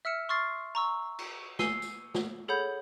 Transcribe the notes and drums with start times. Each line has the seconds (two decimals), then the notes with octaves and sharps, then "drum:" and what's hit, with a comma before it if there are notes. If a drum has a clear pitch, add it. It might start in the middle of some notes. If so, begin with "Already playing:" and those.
0.05 E5 E6 F6 C#7 E7
0.29 C6 C#6 D#6 F6 A6 C7
0.75 A#5 C#6 E6
1.19 drum: cymbal
1.59 G#5 E6 C7 D#7 G7, drum: snare
1.82 drum: tambourine
2.14 drum: snare
2.48 G#4 A4 C#5 F#5 B5 G6